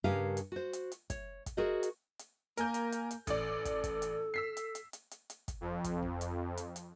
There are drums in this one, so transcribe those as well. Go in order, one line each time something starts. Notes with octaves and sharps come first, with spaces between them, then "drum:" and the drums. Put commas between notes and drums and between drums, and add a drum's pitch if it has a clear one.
G2 C#3 G4 A#4 F5 G#5
drum: hi-hat
F#4 C5
drum: hi-hat
drum: hi-hat
C#5, drum: kick, hi-hat
drum: kick, hi-hat
F#4 G#4 A#4 C5 D#5
drum: hi-hat
drum: hi-hat
A#3 A#4 G#5 G6, drum: hi-hat
drum: hi-hat
drum: hi-hat
drum: hi-hat
A1 A4 D5, drum: kick, hi-hat
drum: kick, hi-hat
drum: kick, hi-hat
drum: hi-hat
E6 B6 C7
drum: hi-hat
drum: hi-hat
drum: hi-hat
drum: hi-hat
drum: hi-hat
drum: kick, hi-hat
F2
drum: kick, hi-hat
drum: kick
drum: hi-hat
drum: hi-hat
drum: hi-hat